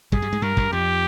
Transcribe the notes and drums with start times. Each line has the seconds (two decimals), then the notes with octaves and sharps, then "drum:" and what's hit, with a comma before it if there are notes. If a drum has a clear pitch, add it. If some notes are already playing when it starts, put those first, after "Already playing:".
0.12 G2 G3 G#4, drum: kick
0.22 G2 G3
0.33 G#2 G#3
0.42 G2 G3 A#4
0.57 G2 G3, drum: kick
0.72 F2 F3 G4